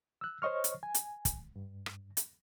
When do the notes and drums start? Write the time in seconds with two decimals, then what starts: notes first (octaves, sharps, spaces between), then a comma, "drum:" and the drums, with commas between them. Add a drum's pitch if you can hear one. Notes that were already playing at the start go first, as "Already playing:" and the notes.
0.21 E6 F#6
0.42 C5 C#5 D#5 C#6 F6
0.64 drum: hi-hat
0.83 G#5
0.94 drum: hi-hat
1.25 drum: kick, hi-hat
1.56 G2
1.86 drum: rim click
2.17 drum: hi-hat